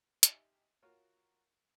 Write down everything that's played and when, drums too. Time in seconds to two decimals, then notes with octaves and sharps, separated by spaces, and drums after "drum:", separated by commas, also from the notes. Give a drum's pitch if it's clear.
0.23 D#4 G4 E5 F5 G#5 C6, drum: hi-hat
0.82 F4 F#4 A#4 C#5 F5